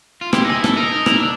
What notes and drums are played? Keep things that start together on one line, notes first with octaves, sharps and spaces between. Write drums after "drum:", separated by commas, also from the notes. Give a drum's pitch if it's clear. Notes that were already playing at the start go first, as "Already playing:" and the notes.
F4
E4 G4, drum: rim click
D#4 G#4
E4
A4, drum: rim click
D#4 A#4
D#4
E4, drum: rim click
D4